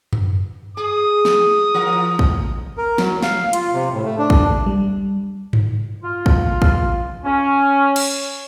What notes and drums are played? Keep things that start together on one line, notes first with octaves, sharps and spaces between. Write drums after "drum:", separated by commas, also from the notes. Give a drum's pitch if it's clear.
drum: tom F#2
G#4 D#6
drum: snare
E3 A#4
drum: kick
A#4
F#3, drum: snare
F5, drum: snare
F4, drum: hi-hat
C3
A2
A3
D4
drum: kick
G3
drum: tom G2
F4
drum: kick
drum: kick
C#4
drum: cymbal